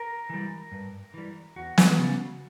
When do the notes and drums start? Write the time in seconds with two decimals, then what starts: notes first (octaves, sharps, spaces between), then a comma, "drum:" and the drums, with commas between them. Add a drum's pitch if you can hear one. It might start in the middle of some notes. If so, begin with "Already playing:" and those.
Already playing: A#4
0.29 E3 G3
0.72 G2
1.14 E3 G3
1.56 E2 F#4
1.78 drum: snare
1.99 C#3 G3